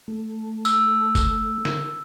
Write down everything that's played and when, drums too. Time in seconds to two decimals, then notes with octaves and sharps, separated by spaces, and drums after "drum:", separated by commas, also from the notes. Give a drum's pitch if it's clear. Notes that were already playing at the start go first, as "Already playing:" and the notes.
0.08 A3
0.65 E6, drum: tambourine
1.15 drum: kick F#1, tambourine
1.65 drum: snare